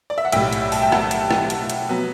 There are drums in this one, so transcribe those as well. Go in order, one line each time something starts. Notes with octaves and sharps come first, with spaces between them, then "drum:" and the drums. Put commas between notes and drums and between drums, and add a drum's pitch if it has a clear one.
D5
E5
F#5
B1 A2 G3 E5 G5, drum: hi-hat
drum: hi-hat
A5, drum: open hi-hat
G5
F#5 A5, drum: rim click
drum: hi-hat
drum: rim click
drum: hi-hat
drum: hi-hat
F#3 B3